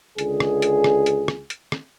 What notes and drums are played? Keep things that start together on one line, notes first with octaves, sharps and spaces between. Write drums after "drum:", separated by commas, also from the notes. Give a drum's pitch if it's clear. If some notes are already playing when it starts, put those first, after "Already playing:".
C#2 D3 G#4, drum: hi-hat
drum: rim click
drum: hi-hat
drum: rim click
drum: hi-hat
drum: rim click
drum: hi-hat
drum: rim click